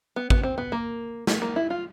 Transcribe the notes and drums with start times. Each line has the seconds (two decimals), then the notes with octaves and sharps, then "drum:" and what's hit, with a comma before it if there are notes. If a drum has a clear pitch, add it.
0.16 B3
0.30 B3, drum: kick
0.43 C4
0.58 B3
0.72 A#3
1.27 A3, drum: snare
1.42 A#3
1.56 E4
1.70 F4